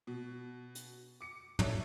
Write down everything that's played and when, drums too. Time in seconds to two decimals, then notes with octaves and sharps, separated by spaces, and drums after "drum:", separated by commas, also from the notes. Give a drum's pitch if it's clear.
0.07 B2
0.75 drum: hi-hat
1.21 D6 C#7
1.59 E4 A4 C#5 D5 E5, drum: tom